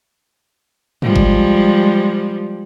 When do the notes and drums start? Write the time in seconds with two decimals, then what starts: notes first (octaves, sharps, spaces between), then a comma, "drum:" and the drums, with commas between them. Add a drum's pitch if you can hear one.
1.02 F3 G3 G#3, drum: tom
1.16 drum: kick G1